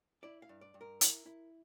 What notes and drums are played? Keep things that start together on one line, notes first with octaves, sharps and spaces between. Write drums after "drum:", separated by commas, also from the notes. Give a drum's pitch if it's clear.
E4 D5
F5
G2
D5
G2
A#4
E4, drum: hi-hat
E4